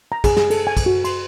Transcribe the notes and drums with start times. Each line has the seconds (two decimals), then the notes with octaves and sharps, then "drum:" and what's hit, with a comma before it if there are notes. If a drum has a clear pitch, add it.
0.12 A#5
0.24 G#4, drum: kick, cymbal
0.37 G#4, drum: snare
0.50 A4, drum: cymbal
0.67 G#5
0.77 drum: kick, cymbal
0.86 F#4
1.04 C6, drum: cymbal